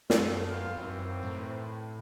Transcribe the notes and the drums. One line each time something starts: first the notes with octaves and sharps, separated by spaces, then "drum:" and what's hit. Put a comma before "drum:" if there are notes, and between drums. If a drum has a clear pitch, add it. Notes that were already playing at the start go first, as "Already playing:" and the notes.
F#2 A3 F4 A4, drum: snare
G3 B3 F4
F#2 D#3 E3 C4
A2